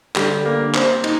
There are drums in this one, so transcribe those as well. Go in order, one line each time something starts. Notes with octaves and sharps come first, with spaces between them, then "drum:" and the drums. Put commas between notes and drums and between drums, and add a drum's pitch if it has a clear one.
D3 G3, drum: clap
A#3
C4, drum: clap
D#4, drum: cymbal